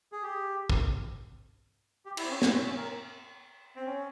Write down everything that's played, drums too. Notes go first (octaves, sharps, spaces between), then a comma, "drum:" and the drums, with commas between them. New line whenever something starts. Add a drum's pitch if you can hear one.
G#4
G4
drum: kick
G4
E4, drum: cymbal
C4
C#4
C4, drum: snare
C#4
C#4
A#4
C4
C#4